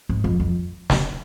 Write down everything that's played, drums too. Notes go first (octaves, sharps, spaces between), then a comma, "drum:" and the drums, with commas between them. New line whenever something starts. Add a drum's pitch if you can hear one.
G#2
F2
F2
drum: snare